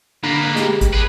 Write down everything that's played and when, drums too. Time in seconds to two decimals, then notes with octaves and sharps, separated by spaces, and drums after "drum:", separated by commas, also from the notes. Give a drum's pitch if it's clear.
0.23 D3 A#3 B4
0.56 G#3 G4, drum: snare
0.81 drum: kick G#1, hi-hat
0.93 G#4 B4